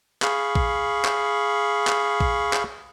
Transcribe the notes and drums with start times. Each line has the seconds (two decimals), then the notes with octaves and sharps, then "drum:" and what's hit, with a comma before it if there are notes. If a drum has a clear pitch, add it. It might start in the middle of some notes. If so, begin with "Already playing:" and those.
0.22 G#4 F5 B5 C#6, drum: clap
0.55 drum: kick A#1
1.05 drum: clap
1.87 drum: clap
2.20 drum: kick A#1
2.53 drum: clap